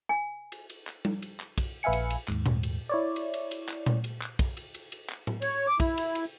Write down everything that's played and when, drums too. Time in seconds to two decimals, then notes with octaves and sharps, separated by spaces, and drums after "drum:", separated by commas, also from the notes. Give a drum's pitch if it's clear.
0.09 G#5
0.52 drum: cymbal
0.70 drum: cymbal
0.87 drum: clap
1.05 drum: tom G3
1.22 drum: cymbal
1.40 drum: clap
1.58 drum: kick, cymbal
1.83 A#1 B4 E5 F5 G#5 C#7
1.93 drum: cymbal
2.10 drum: cymbal
2.28 D#2 G#2, drum: clap
2.46 drum: tom A#2
2.63 drum: cymbal
2.89 E4 C#5 D5
3.16 drum: cymbal
3.34 drum: cymbal
3.51 drum: cymbal
3.69 drum: clap
3.86 drum: tom A#2
4.04 drum: cymbal
4.22 drum: clap
4.39 drum: kick, cymbal
4.57 drum: cymbal
4.74 drum: cymbal
4.92 drum: cymbal
5.10 drum: clap
5.27 drum: tom A2
5.42 C#5, drum: cymbal
5.67 D6
5.80 E4, drum: kick, cymbal
5.98 drum: cymbal
6.15 drum: cymbal